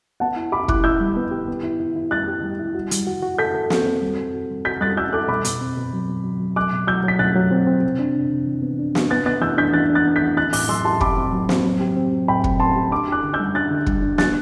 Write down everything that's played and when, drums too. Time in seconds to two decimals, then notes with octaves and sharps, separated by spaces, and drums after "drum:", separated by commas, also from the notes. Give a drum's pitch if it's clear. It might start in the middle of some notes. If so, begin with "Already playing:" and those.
0.20 B3 F#5 A5
0.36 E4
0.52 G4 B5 D6
0.68 E4 D6 F#6, drum: kick
0.84 E4 E6 G6
1.00 G3
1.17 B3
1.31 G4
1.48 B3
1.63 E4
1.80 E4
1.96 E4
2.11 G3 F#6 A6
2.28 G4
2.43 G3
2.59 E4
2.75 F#4
2.91 G3, drum: hi-hat
3.07 F#4
3.22 F#4
3.38 A4 G6 B6
3.55 A4
3.70 C4, drum: snare
3.86 C4
4.02 G3
4.18 A4
4.34 F#4
4.50 G3
4.65 F#4 G6 B6
4.81 G3 F#6 A6
4.97 F#4 E6 G6
5.13 A4 D6 F#6
5.29 B2 B5 D6
5.45 B2, drum: hi-hat
5.61 C4
5.77 B2
5.93 F#3
6.09 B2
6.24 F#3
6.40 F#3
6.56 F#3 D6 F#6
6.73 B2
6.87 F#3 E6 G6
7.03 F#3 B6
7.19 B2 F#6 A6
7.36 F#3
7.51 C4
7.67 C4
7.83 C3
7.99 D4
8.15 C3
8.32 C3
8.46 E3
8.62 B3
8.79 D4
8.95 B3, drum: snare
9.10 B3 F#6 A6
9.26 B3 F#6 A6
9.42 E3 E6 G6
9.58 D4 G6 B6
9.73 E3 F#6 A6
9.90 D4
9.95 F#6 A6
10.06 B3
10.16 G6 B6
10.22 E3
10.37 C4 F#6 A6
10.53 A2 D6 F#6, drum: open hi-hat
10.69 F#3 C6 E6
10.85 G4 A5 C6
11.01 G4 B5 D6, drum: kick
11.17 C4
11.32 F#3
11.49 C4, drum: snare
11.64 F#3
11.81 G4
11.96 C4
12.13 F#3
12.28 A2 G5 B5
12.44 C4, drum: kick
12.60 C4 A5 C6
12.76 G4
12.91 D4 B5 D6
13.08 G4 D6 F#6
13.24 D3
13.33 E6 G6
13.40 G3
13.55 D4 F#6 A6
13.71 D3
13.86 G3, drum: kick
14.02 D4
14.18 G3 F#6 A6, drum: snare